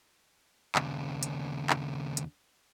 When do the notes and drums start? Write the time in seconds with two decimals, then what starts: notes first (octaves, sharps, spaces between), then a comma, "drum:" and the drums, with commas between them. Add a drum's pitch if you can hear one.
0.75 D#2 C#3, drum: clap
1.23 drum: hi-hat
1.70 drum: clap
2.17 drum: hi-hat